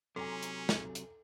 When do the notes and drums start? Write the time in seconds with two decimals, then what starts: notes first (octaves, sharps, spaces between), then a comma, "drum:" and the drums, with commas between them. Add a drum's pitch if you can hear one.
0.16 C3 F#3 C#4 A4 G#5 A#5 C6
0.43 drum: hi-hat
0.69 drum: snare
0.95 drum: hi-hat